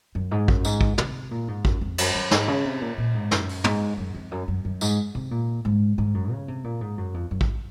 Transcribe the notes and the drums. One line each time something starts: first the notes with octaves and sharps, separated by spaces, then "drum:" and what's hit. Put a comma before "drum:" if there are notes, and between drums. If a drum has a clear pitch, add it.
F#2
G#2
F#2, drum: kick
G#2, drum: tambourine
drum: kick
C3, drum: tom
A#2
G#2
F#2, drum: kick
F2
F#2, drum: cymbal
F#2
G#2, drum: snare
C#3
C3
A#2
A#2
G#2
F#2, drum: snare
drum: open hi-hat
G#2, drum: tom
F#2
F2
F#2
F#2
F#2
G#2, drum: tambourine
C3
A#2
G#2
G#2
F#2
C#3
C3
A#2
G#2
F#2
F2
F#2
drum: kick